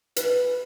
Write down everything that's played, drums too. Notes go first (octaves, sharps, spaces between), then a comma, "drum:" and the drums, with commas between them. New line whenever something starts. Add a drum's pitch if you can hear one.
B4, drum: hi-hat